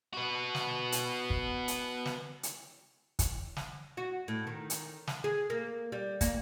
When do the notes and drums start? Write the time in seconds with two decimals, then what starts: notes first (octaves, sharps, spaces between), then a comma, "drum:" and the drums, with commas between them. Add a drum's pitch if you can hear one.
0.13 B3 F#4
0.55 drum: snare
0.92 drum: hi-hat
1.30 drum: kick
1.68 drum: hi-hat
2.06 drum: snare
2.43 drum: hi-hat
3.19 drum: kick, hi-hat
3.57 drum: snare
3.97 F#4
4.28 A2
4.47 D#3
4.70 drum: hi-hat
5.07 drum: snare
5.24 G#4
5.50 A#3
5.92 G3
6.21 A#3, drum: kick, hi-hat